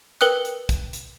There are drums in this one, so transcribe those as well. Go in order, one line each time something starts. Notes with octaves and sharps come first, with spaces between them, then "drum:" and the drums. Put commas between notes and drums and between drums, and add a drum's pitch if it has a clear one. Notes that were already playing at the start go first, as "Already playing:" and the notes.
A#4 B4 G5 D#6 F#6, drum: hi-hat
drum: hi-hat
drum: kick, hi-hat
drum: hi-hat